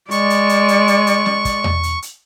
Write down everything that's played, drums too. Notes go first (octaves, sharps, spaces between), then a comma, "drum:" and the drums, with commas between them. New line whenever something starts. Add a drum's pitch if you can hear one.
G#3 D5 C#6, drum: hi-hat
drum: hi-hat
drum: hi-hat
drum: hi-hat
drum: hi-hat
drum: hi-hat
drum: snare
drum: kick, hi-hat
drum: tom E2
drum: hi-hat
drum: hi-hat